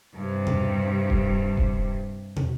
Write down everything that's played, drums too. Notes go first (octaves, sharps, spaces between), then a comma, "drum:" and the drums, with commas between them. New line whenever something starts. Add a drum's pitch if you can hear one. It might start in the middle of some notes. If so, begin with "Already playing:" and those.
G2 C3
drum: tom
drum: kick D#1
drum: kick D#1
drum: tom